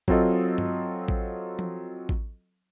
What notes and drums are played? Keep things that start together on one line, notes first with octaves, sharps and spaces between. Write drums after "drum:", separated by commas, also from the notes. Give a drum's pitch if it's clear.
F#3 C4 F4 A4 D#5, drum: kick A1
drum: tom G2
drum: kick A1
drum: tom F3
drum: kick A1